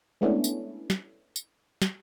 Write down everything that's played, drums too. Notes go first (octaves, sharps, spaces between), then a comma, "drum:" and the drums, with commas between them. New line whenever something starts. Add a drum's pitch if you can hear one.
G#3 A3 B3 C#4 D4 E4
drum: tambourine
drum: snare
drum: tambourine
drum: snare